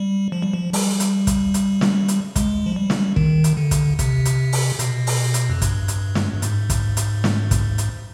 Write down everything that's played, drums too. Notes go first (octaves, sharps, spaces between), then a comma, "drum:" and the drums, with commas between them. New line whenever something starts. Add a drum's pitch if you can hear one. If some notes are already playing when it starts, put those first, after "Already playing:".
Already playing: G3
F3
G3
F3
G3, drum: open hi-hat
drum: hi-hat
drum: kick, hi-hat
drum: hi-hat
drum: snare
drum: hi-hat
G#3, drum: kick, hi-hat
F3
G3
drum: snare
D#3, drum: kick
drum: hi-hat
D3
drum: kick, hi-hat
C3, drum: kick, hi-hat
drum: hi-hat
drum: open hi-hat
B2, drum: hi-hat
drum: open hi-hat
drum: hi-hat
F2
G2, drum: kick, hi-hat
drum: hi-hat
drum: snare
G2
G#2, drum: hi-hat
drum: kick, hi-hat
drum: hi-hat
drum: snare
drum: kick, hi-hat
drum: hi-hat